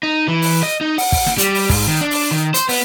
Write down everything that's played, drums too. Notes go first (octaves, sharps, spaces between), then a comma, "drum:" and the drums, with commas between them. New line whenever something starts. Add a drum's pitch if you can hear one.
D#4
E3
drum: open hi-hat
D#5
D#4
F#5, drum: open hi-hat
drum: kick, open hi-hat
drum: snare
G3, drum: hi-hat
drum: open hi-hat
G#2, drum: kick, open hi-hat
D#3
D4
drum: open hi-hat
D#3
C5, drum: hi-hat
B3, drum: open hi-hat